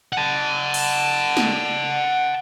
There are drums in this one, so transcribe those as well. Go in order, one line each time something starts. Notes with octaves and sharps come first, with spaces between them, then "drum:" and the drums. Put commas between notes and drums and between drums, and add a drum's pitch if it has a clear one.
F#5 A5
drum: cymbal
drum: snare